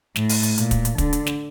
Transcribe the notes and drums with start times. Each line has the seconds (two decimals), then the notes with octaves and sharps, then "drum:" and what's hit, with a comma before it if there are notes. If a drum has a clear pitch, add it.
0.16 A2, drum: snare
0.29 drum: open hi-hat
0.43 drum: hi-hat
0.58 A#2, drum: hi-hat
0.71 drum: kick, hi-hat
0.85 drum: hi-hat
0.98 D3, drum: kick, hi-hat
1.13 drum: hi-hat
1.26 drum: snare